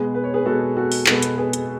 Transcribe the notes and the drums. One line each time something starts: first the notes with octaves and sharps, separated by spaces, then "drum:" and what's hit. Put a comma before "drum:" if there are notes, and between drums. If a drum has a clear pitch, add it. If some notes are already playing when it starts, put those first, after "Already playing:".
Already playing: B2 G#3 B3 G#4
B4
C#5
G#4 B4
B2 G#3 B3 F#4 A4
F#4 A4
drum: open hi-hat
B2 G#3 B3 F#4 A4, drum: clap
drum: hi-hat
G#4 B4
drum: hi-hat